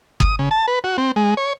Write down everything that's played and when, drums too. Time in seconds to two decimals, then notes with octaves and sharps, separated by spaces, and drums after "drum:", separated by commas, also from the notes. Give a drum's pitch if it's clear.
0.20 D#6, drum: kick
0.39 C#3
0.51 A5
0.68 B4
0.84 F#4
0.98 C4
1.16 G#3
1.37 C#5